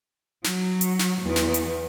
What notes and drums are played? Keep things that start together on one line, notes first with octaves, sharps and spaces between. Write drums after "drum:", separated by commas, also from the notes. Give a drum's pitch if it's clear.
F#3, drum: snare
drum: hi-hat
drum: snare
E2
drum: snare
drum: hi-hat